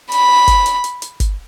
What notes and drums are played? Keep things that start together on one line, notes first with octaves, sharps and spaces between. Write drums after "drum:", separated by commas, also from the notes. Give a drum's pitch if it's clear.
B5, drum: hi-hat
drum: kick G1, hi-hat
drum: hi-hat
drum: hi-hat
drum: hi-hat
drum: kick G1, hi-hat